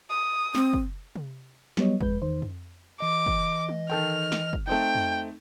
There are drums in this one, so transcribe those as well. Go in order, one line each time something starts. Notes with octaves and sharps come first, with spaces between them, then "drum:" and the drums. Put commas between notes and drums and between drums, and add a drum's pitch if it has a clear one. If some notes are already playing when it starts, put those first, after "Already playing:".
D#6
C4, drum: snare
drum: kick
drum: tom C3
F#3 G3 B3 C#5 D#5, drum: snare
F2 G#3 B4 G6, drum: kick
E2 D#3 C5
drum: tom F2
E3 D#5 D6
drum: kick
drum: tom G#3
D#3 A4 G5 F6
drum: snare
drum: kick
A3 C4 D#4 G5
drum: tom F2